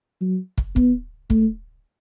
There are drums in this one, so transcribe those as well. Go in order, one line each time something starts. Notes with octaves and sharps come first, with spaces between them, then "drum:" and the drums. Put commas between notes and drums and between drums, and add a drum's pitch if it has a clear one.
F#3
drum: kick
B3, drum: kick
A3, drum: kick